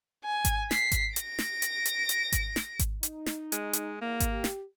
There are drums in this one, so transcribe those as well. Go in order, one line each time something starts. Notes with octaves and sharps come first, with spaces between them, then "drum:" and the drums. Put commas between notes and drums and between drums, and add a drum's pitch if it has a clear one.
G#5
drum: kick G#1, hi-hat
B6 C7, drum: snare
drum: kick G#1, hi-hat
A#6 D7, drum: hi-hat
drum: snare
drum: hi-hat
drum: hi-hat
drum: hi-hat
drum: kick G#1, hi-hat
drum: snare
drum: kick G#1, hi-hat
D#4, drum: hi-hat
drum: snare
G#3, drum: hi-hat
drum: hi-hat
E2 A#3
drum: kick G#1, hi-hat
G4
drum: snare